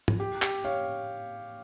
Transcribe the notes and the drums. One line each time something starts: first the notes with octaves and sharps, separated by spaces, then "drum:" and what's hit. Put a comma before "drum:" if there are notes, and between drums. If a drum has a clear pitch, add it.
drum: tom G#2
G4
G4, drum: clap
C#5 F5